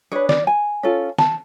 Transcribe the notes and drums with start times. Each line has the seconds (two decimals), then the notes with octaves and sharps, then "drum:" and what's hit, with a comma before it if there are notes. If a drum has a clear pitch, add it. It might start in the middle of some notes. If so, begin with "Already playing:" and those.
0.12 D4 G#4 B4 C#5
0.29 D5, drum: snare
0.47 G#5
0.83 C#4 F4 A4
1.18 A5, drum: snare